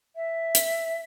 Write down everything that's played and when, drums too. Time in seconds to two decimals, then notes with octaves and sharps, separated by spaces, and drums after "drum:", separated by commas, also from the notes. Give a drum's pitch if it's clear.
0.16 E5
0.55 drum: hi-hat